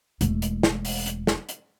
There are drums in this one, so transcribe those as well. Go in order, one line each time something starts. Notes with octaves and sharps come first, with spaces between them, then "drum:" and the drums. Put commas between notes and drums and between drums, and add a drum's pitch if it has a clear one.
E1 A3, drum: hi-hat
drum: hi-hat
drum: snare
drum: open hi-hat
drum: hi-hat
drum: snare
drum: hi-hat